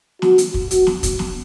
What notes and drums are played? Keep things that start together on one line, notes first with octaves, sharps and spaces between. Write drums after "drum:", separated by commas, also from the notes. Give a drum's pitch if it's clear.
F#4, drum: snare
drum: hi-hat
drum: kick
F#4, drum: hi-hat
drum: snare
drum: kick, hi-hat
drum: snare